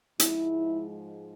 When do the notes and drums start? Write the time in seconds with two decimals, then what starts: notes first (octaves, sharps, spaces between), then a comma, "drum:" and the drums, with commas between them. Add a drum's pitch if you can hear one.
0.20 G#2 F3 G#3 E4, drum: hi-hat